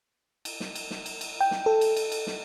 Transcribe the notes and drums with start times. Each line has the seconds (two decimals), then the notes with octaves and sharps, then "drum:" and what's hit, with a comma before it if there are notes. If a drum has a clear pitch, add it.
0.45 drum: cymbal
0.60 drum: snare
0.75 drum: cymbal
0.91 drum: snare
1.06 drum: cymbal
1.21 drum: cymbal
1.41 G5
1.51 drum: snare
1.66 A4
1.81 drum: cymbal
1.96 drum: cymbal
2.12 drum: cymbal
2.27 drum: snare